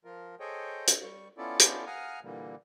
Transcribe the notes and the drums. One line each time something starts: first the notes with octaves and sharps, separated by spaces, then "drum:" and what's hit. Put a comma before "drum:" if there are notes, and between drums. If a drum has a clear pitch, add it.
F3 F4 A#4
G#4 A4 C5 C#5 D#5 G5
drum: hi-hat
G3 C#6
B3 C#4 E4 F4 A4 D5
drum: hi-hat
F5 F#5 G#5 A#5 D#6 F6
A#2 D3 E3 G3 A#3